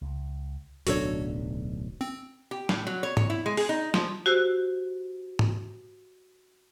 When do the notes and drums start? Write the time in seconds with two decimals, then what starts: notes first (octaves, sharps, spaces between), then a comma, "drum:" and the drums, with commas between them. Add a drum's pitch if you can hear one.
0.02 C#2
0.87 D1 B1 D4 F#4 A4 C#5, drum: hi-hat
2.01 C4
2.51 G4
2.69 A2, drum: snare
2.87 F#3
3.03 C#5
3.17 C#5, drum: tom
3.30 E4
3.46 G#3
3.57 G#4, drum: open hi-hat
3.69 D#4
3.94 F3, drum: snare
4.26 F#4 G4 C5 E6 F#6
5.39 drum: tom